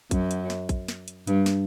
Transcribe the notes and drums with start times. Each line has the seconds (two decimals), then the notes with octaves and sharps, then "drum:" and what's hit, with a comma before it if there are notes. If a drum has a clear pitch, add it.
0.11 F#2, drum: kick A#1, hi-hat
0.31 drum: hi-hat
0.50 drum: snare
0.69 drum: kick A#1, hi-hat
0.88 drum: snare
1.08 drum: hi-hat
1.27 G2, drum: hi-hat
1.46 drum: snare